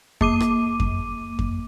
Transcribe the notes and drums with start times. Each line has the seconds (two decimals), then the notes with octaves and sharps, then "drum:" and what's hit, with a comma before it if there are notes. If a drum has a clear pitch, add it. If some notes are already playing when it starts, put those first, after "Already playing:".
0.21 A#3 D6 D#7, drum: kick F2
0.40 drum: rim click
0.80 drum: kick F2
1.39 drum: kick F2